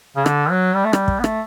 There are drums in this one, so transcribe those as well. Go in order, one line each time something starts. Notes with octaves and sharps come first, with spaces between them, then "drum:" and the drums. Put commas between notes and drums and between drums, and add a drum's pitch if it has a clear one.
C#3
D3, drum: rim click
F#3
G3
A3
G3, drum: rim click
drum: kick
B3
A3, drum: rim click